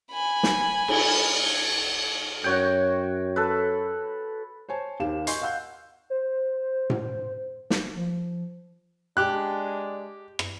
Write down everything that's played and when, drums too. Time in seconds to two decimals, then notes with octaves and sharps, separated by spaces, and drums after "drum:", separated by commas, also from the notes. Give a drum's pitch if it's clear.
0.12 G#5 B5
0.43 drum: snare
0.88 drum: cymbal
2.44 F#2 F#4 C#5 G5
3.36 A4 B4
4.69 C5 C#5 G#5 A5
5.00 D#2 G4 F5 E7
5.27 D#5 G#5 C6 C#6 G6 C7, drum: hi-hat
5.41 F5 F#5 E6 G6
6.10 C5
6.90 drum: tom A2
7.70 drum: snare
7.97 F3
9.17 G#3 D4 G4 F#6
10.39 drum: rim click